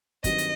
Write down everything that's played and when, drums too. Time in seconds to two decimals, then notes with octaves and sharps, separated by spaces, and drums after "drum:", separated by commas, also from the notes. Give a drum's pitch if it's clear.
0.24 G2 D#3 F#3 C4 D#5, drum: kick, hi-hat
0.38 drum: hi-hat